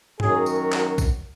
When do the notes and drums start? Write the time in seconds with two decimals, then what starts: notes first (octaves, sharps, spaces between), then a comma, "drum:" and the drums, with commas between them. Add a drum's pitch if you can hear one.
0.20 F#2 D#3 F#3 G#4, drum: tom G#2
0.46 drum: tambourine
0.72 F#4, drum: clap
0.98 drum: kick A#1, tambourine